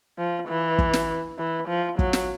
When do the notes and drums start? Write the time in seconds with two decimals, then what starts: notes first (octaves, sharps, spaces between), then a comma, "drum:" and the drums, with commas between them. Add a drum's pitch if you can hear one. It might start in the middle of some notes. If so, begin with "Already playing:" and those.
0.19 F3
0.48 E3
0.79 drum: kick
0.93 drum: snare
1.38 E3
1.68 F3
1.99 F#3, drum: kick
2.13 drum: snare